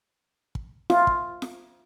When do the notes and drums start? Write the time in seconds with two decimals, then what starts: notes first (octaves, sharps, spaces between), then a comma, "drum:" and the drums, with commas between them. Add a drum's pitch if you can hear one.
0.55 drum: kick
0.90 F4 E5, drum: snare
1.07 drum: kick
1.42 drum: snare